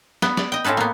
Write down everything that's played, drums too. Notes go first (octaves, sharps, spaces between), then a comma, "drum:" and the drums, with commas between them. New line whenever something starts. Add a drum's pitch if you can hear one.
B3, drum: snare
D5, drum: snare
D#5 G5
A2 C4 C#4 A4 B4
A#3 B3